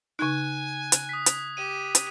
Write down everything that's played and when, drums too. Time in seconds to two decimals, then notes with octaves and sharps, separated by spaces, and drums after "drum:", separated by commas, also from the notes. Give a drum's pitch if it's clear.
0.19 C#3 D#4 G#5 F#6 G#6
0.92 drum: hi-hat
1.09 D#6 B6
1.26 drum: hi-hat
1.57 G4 D#7 E7
1.95 drum: hi-hat